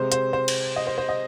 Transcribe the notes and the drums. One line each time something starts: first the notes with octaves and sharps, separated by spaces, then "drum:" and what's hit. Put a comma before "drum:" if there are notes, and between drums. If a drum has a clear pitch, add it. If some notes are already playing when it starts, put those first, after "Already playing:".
Already playing: C3 G#3 C5
C5, drum: hi-hat
C5
drum: cymbal
D#5
C5
C5
D#5